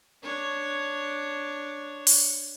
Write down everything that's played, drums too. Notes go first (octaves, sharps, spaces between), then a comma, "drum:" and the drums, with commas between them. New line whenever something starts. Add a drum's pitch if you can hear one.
D4 C#5
drum: open hi-hat